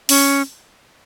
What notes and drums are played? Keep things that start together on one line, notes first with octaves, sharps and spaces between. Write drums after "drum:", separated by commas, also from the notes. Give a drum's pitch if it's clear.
C#4, drum: open hi-hat